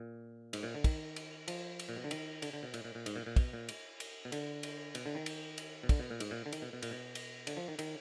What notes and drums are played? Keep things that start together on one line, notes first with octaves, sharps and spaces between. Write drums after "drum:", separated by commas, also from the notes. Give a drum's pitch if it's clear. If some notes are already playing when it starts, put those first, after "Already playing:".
Already playing: A#2
G#2, drum: cymbal
A#2
D3
D#3, drum: kick, cymbal
drum: cymbal
F3, drum: cymbal
drum: cymbal
A#2
B2
D3
D#3, drum: cymbal
D3, drum: cymbal
D3
B2
A#2, drum: cymbal
A#2
A#2
G#2, drum: cymbal
A#2
A#2
B2, drum: kick, cymbal
A#2
drum: cymbal
drum: cymbal
B2
D3, drum: cymbal
drum: cymbal
B2, drum: cymbal
D3
D#3
drum: cymbal
drum: cymbal
B2
D3, drum: kick, cymbal
B2
A#2
G#2, drum: cymbal
A#2
D3
D#3, drum: cymbal
B2
B2
A#2, drum: cymbal
B2
drum: cymbal
D3, drum: cymbal
F3
D#3
D#3, drum: cymbal